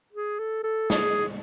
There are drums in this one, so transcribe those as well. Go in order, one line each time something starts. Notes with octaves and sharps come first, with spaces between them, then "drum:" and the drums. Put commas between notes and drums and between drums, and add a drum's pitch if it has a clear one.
G#4
A4
A4
G#4, drum: snare